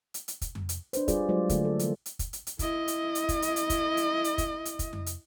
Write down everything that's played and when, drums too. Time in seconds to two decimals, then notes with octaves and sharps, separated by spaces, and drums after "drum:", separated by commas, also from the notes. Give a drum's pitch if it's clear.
0.14 drum: hi-hat
0.28 drum: hi-hat
0.41 drum: kick, hi-hat
0.55 drum: tom F2
0.69 drum: hi-hat
0.93 D4 B4 C5, drum: hi-hat
1.08 G3 F4 G#4 B4 D5, drum: kick, hi-hat
1.29 F#3 G#3 F4 C5 D5
1.49 D3 A3, drum: kick, hi-hat
1.65 A4
1.79 E3 A#3, drum: hi-hat
2.06 drum: hi-hat
2.19 drum: kick, hi-hat
2.33 drum: hi-hat
2.47 drum: hi-hat
2.59 E4 D#5, drum: kick, hi-hat
2.88 drum: hi-hat
3.15 drum: hi-hat
3.29 drum: kick, hi-hat
3.42 drum: hi-hat
3.56 drum: hi-hat
3.70 drum: kick, hi-hat
3.97 drum: hi-hat
4.24 drum: hi-hat
4.38 drum: kick, hi-hat
4.65 drum: hi-hat
4.79 drum: kick, hi-hat
4.93 drum: tom F2
5.06 drum: hi-hat